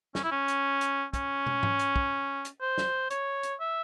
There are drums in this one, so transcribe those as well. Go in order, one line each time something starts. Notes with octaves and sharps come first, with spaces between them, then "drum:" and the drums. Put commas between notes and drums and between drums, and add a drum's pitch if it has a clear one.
C#4, drum: snare
E4
C#4
drum: hi-hat
drum: hi-hat
C#4, drum: kick, hi-hat
drum: tom
drum: tom G#2
drum: hi-hat
drum: kick
drum: hi-hat
C5
drum: snare
C#5, drum: hi-hat
drum: hi-hat
E5